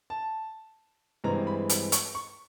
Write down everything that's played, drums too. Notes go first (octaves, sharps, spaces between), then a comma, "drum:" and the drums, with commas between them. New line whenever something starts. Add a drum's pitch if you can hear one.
A5
G2 E3 G#3 C4 A#5
B5
B5, drum: hi-hat
C#6, drum: hi-hat
C#6